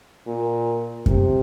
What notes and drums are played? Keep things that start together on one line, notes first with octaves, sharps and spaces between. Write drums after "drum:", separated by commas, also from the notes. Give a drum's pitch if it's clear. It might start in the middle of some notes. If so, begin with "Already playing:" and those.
A#2
C3, drum: kick F#2